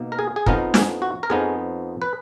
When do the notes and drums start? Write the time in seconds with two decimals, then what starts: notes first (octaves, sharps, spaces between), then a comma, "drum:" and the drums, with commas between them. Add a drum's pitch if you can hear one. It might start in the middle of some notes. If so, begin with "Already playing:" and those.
Already playing: B2 A#3 D#4
0.12 A#4
0.19 G#4
0.36 G#4
0.46 F2 F3 B3 D#4 A#4, drum: kick
0.74 G#4, drum: snare
1.02 F#4
1.23 A#4
1.30 F2 F3 B3 D#4 G#4
2.02 B4